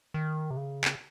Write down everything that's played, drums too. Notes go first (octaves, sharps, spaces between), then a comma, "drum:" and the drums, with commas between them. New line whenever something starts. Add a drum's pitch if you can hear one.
D#3
C3
C#3
drum: clap